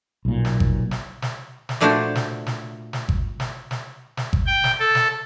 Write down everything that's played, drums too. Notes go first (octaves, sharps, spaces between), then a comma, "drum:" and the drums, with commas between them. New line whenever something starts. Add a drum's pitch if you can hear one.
B1 A#2
drum: snare
drum: kick G#1
drum: snare
drum: snare
drum: snare
A#2 A3 D4 E4 F#4 C5
drum: snare
drum: snare
drum: snare
drum: kick G#1
drum: snare
drum: snare
drum: snare
drum: kick G#1
G5
drum: snare
A4
drum: snare